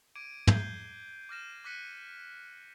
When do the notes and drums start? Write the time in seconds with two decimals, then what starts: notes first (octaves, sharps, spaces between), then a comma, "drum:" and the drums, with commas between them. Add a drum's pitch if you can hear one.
0.16 D6 G#6 D7 D#7
0.47 G6 G#6 C7 G7, drum: tom
1.29 D6 F6 A#6 E7
1.65 D6 F#6 B6 C#7 D#7